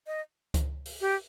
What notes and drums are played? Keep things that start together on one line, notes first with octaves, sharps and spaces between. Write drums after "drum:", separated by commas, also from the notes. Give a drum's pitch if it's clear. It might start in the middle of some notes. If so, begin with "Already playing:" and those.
D#5
drum: kick C#2, hi-hat
drum: open hi-hat
G4